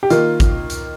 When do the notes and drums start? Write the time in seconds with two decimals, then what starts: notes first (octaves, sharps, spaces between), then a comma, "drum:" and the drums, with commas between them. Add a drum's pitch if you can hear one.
0.03 G4
0.10 D#3 A#3 F4, drum: hi-hat
0.40 drum: kick G#1, hi-hat
0.70 drum: hi-hat